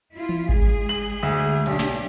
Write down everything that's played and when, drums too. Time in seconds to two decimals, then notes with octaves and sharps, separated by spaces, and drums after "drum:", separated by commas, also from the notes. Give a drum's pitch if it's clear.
0.14 E4 F4
0.29 drum: tom E3
0.49 G#3 G#4, drum: kick G#1
0.89 F#7
1.23 D2
1.66 B1 D4 G4, drum: hi-hat
1.79 drum: snare